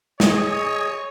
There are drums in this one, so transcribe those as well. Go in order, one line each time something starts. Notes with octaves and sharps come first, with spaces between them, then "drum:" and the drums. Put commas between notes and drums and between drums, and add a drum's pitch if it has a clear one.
G#4 C#5 D#5, drum: snare